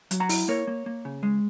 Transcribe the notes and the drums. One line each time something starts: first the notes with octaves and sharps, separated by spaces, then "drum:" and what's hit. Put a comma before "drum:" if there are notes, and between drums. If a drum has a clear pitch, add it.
F#3, drum: hi-hat
F#5 A#5
E4, drum: open hi-hat
A#3 A#4 C#5
A#3
A#3
C#3
G#3